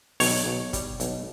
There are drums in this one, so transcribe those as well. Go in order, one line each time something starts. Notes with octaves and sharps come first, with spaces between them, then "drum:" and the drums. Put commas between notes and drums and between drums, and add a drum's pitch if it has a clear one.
B1 C#5, drum: open hi-hat
B1
G3, drum: kick, hi-hat
B1, drum: hi-hat